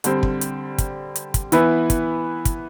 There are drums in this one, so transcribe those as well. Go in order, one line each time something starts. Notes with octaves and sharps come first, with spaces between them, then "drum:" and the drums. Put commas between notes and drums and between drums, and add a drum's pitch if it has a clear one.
D3 G3 C4, drum: hi-hat
drum: kick
drum: hi-hat
drum: kick, hi-hat
drum: hi-hat
drum: kick, hi-hat
E3 B3 E4 B4, drum: hi-hat
drum: kick, hi-hat
drum: kick, hi-hat